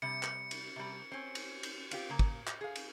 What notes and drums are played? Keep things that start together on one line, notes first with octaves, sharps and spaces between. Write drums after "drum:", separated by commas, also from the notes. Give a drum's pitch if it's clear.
C3 G3 C#7
drum: clap
drum: cymbal
C3 G3
C4 C#4
drum: cymbal
drum: cymbal
C4 F4 G4, drum: cymbal
C#3 A#3
drum: kick
drum: clap
G#4 F5
drum: cymbal